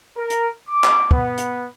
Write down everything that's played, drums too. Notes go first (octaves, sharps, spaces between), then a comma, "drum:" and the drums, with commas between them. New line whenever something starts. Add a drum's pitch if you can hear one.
A#4
drum: hi-hat
D6
drum: clap
B3, drum: kick
drum: hi-hat